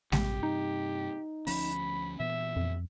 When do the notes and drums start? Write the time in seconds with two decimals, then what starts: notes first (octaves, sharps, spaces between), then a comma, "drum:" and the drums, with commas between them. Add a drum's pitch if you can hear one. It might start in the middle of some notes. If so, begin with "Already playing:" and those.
0.12 A1 G2 C3 G4, drum: snare G#3
0.43 D#4
1.47 D2 F3 C#4 B5, drum: open hi-hat
2.20 A#2 E3 B3 E5
2.56 F2